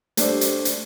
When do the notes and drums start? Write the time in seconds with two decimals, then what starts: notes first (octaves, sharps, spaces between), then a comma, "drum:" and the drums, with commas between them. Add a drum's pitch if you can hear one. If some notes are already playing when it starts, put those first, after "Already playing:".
0.17 A3 D4 G4 C5 D5, drum: hi-hat
0.41 drum: hi-hat
0.65 drum: hi-hat